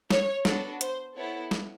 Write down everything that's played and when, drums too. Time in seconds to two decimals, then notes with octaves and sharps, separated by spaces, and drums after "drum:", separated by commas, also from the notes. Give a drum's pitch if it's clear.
0.10 C#5, drum: snare
0.45 B3 D4 F#4 A4, drum: snare
0.81 C5, drum: hi-hat
1.16 B3 E4 A4 C#5
1.51 drum: snare